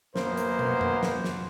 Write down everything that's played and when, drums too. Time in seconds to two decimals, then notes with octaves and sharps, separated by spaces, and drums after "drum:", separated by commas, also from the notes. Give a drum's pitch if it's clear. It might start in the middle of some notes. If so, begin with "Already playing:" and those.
0.16 F#2 A#3 B3 B4 C5, drum: snare
0.37 drum: hi-hat
0.59 drum: tom
0.81 drum: tom F2
1.03 drum: snare
1.24 drum: snare